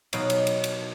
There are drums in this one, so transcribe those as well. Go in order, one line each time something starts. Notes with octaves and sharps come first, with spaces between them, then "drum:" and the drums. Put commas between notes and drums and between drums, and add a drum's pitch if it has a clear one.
B2 F#3 D#4 F5, drum: cymbal
drum: cymbal
drum: cymbal
drum: cymbal